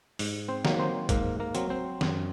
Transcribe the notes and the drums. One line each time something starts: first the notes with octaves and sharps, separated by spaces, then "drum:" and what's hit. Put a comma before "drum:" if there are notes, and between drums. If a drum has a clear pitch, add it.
G#2, drum: open hi-hat
C4 C5
D#3 F#3 A#3, drum: snare
C4 C5
G#2 A#3 A#4, drum: kick, hi-hat
A#3 A#4
F#3 C4, drum: hi-hat
C4 C5
F#2, drum: snare